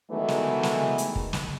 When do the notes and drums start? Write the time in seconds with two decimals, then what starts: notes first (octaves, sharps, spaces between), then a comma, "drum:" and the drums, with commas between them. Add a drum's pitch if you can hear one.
0.11 D#3 E3 F#3 G#3 A3 B3
0.28 drum: snare
0.63 drum: snare
0.98 drum: hi-hat
1.16 drum: kick
1.33 drum: snare